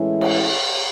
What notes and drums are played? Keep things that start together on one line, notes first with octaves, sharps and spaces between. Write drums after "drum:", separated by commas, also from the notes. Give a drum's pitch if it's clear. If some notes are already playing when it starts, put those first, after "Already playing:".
Already playing: A2 E3 G#3 C#4 E4
drum: cymbal